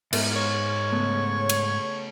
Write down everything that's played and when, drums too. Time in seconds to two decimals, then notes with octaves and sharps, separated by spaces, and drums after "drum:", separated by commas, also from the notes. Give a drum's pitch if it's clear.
0.13 G#2 A3 B3, drum: cymbal
0.36 C#5
0.91 C#3 A3 B3
1.49 drum: cymbal